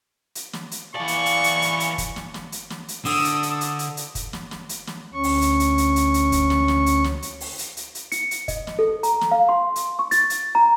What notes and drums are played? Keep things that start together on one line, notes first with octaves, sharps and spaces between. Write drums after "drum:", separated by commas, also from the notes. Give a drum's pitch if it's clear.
drum: hi-hat
drum: snare
drum: hi-hat
E3 D5 F5 G#5 A5 C#6
drum: hi-hat
drum: hi-hat
drum: hi-hat
drum: hi-hat
drum: hi-hat
drum: kick, hi-hat
drum: snare
drum: snare
drum: hi-hat
drum: snare
drum: hi-hat
D3 D#6 E6, drum: open hi-hat
drum: hi-hat
drum: hi-hat
drum: hi-hat
drum: hi-hat
drum: hi-hat
drum: kick, hi-hat
drum: snare
drum: snare
drum: hi-hat
drum: snare
D2 C#4 C#6
drum: open hi-hat
drum: hi-hat
drum: hi-hat
drum: hi-hat
drum: hi-hat
drum: hi-hat
drum: kick, hi-hat
drum: snare
drum: snare
drum: hi-hat
drum: snare
drum: hi-hat
drum: open hi-hat
drum: hi-hat
drum: hi-hat
drum: hi-hat
C#7, drum: hi-hat
drum: hi-hat
D#5, drum: kick, hi-hat
drum: snare
A4
A#5, drum: hi-hat
drum: snare
F5
C6
drum: hi-hat
C#6
A6, drum: hi-hat
drum: hi-hat
A#5